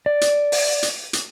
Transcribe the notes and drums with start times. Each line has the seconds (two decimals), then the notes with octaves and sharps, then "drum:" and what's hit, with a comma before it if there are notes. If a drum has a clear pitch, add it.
0.06 D5
0.21 drum: hi-hat
0.52 drum: open hi-hat
0.83 drum: hi-hat
1.13 drum: hi-hat